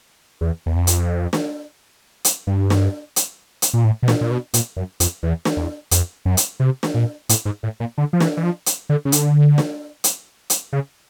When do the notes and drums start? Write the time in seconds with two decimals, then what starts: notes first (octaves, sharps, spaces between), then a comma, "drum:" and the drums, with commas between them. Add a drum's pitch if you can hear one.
0.41 E2
0.66 E2
0.76 F2
0.87 drum: hi-hat
1.33 drum: snare
2.25 drum: hi-hat
2.47 G2
2.70 drum: snare
3.16 drum: hi-hat
3.62 drum: hi-hat
3.73 A#2
3.84 A2
4.03 B2
4.08 A#2, drum: snare
4.21 A#2
4.31 B2
4.54 A#2, drum: hi-hat
4.77 F#2
5.00 F2, drum: hi-hat
5.23 E2
5.45 drum: snare
5.57 E2
5.91 F2, drum: hi-hat
6.25 F#2
6.37 drum: hi-hat
6.60 C3
6.83 drum: snare
6.94 A#2
7.29 A2, drum: hi-hat
7.45 G#2
7.63 A2
7.80 A#2
7.98 D3
8.13 F3
8.21 E3, drum: snare
8.37 E3
8.43 F3
8.66 drum: hi-hat
8.89 D3
9.05 C#3
9.12 D3, drum: hi-hat
9.58 drum: snare
10.04 drum: hi-hat
10.50 drum: hi-hat
10.73 C#3